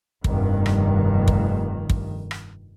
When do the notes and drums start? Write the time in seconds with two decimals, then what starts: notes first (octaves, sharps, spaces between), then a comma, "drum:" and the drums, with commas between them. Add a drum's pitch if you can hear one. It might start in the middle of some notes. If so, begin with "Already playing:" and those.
0.24 F1 G2 D#3, drum: kick
0.66 drum: rim click
1.28 drum: kick
1.90 drum: kick
2.31 drum: rim click